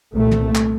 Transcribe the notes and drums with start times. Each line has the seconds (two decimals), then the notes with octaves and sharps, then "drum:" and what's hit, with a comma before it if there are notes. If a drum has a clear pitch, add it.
0.16 C2 A#2 A3
0.31 drum: tom
0.55 drum: clap